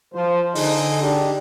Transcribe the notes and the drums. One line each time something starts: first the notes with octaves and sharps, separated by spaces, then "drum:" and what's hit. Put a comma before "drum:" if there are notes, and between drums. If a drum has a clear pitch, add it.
F3 C5
D3 D#4 G#4 D#5, drum: open hi-hat
D4 G4